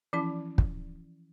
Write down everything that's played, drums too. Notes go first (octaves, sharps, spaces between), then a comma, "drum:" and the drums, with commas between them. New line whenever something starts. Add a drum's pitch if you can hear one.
E3 F3 C#4 E4 A5
drum: kick